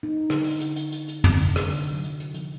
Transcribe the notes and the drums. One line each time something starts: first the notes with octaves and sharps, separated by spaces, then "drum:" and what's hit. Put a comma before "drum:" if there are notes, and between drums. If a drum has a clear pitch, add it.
D#4
D3, drum: rim click
drum: open hi-hat
drum: hi-hat
drum: hi-hat
drum: hi-hat
drum: hi-hat
C3, drum: tom
D3, drum: open hi-hat
drum: rim click
drum: open hi-hat
F#3
drum: hi-hat
drum: hi-hat
F3, drum: hi-hat